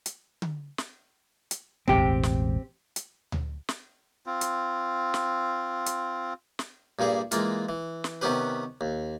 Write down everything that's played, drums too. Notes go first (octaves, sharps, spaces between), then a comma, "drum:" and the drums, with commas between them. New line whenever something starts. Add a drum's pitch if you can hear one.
drum: hi-hat
drum: tom D3
drum: snare
drum: hi-hat
E1 A1 G#3 C4 G4, drum: tom D2
drum: snare
drum: hi-hat
drum: tom D2
drum: snare
C4 F4
drum: hi-hat
drum: snare
drum: hi-hat
drum: snare
G2 A#2 G3 G#4
E3 G#3 A#3 F4, drum: hi-hat
E3
drum: snare
C3 D#3 B3 C#4 G4 B4
D#2